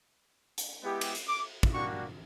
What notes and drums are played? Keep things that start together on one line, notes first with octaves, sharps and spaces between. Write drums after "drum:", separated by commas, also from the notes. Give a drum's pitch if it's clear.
drum: hi-hat
G#3 B3 E4 G4
drum: cymbal
drum: hi-hat
D6
drum: kick
G3 A#3 D4 F#4 C#6